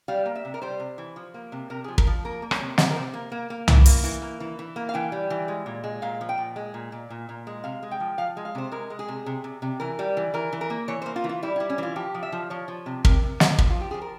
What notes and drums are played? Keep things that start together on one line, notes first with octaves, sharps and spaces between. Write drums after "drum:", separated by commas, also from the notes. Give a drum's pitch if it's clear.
G3 F5
A#3
E5
C3
A#4
G3 C5
C3
E3
F3
A#3
C3
C3 A#4
F3 G#4
A#4, drum: kick
F3
A#3 A#4
A#3
C#5, drum: rim click
C3
C3 C5, drum: snare
A#4
C3 C5
A#3
A#3
A#3
E3, drum: tom C2
A#3, drum: open hi-hat
E3
A#3
E3
E3
A#3
F5
E3 G5
G3
E3
G#3
A#2
G#3
A#2 F5
F3
G5
A#2
G#3
A#2
A#2
A#2
A#2
G#3
C3 F5
G#3
G5
F3
F3 F5
G#3
F5
C3 C5
G#3 A#4
G#3
G#4
C3
C3
C3
C3
E3 A#4
G3
E3
E3 A#4
E3
A#4
A#3
E3 C#5
A#3 C5
F4
E3
F4
G3 E4
G3 E4
C#4
E3 F4
F3 G4
F3
E5
F3
F3 C#5
F3
C3
C3 A#4, drum: kick
C3
C3, drum: snare
F3, drum: kick
F4
F3
G4
F3 G#4
A#4